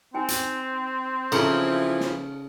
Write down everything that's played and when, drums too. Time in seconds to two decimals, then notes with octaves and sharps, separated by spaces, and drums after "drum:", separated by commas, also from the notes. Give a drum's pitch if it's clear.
0.14 C4 D#4 G5 G#5
0.28 drum: hi-hat
1.32 C#3 E3 F3 E4 A4 A5 A#5, drum: cymbal
2.00 drum: snare